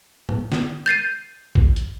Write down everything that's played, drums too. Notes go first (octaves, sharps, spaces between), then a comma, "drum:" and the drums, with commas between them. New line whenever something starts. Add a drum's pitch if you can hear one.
drum: tom A2
drum: snare
G6 A6 C7 D#7
drum: kick
drum: hi-hat